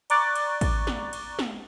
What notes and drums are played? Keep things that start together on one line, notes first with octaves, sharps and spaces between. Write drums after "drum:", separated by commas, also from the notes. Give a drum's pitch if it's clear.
D5 A#5 C#6 D6 F#6 A6, drum: cymbal
drum: cymbal
drum: kick, cymbal
drum: snare
drum: cymbal
drum: snare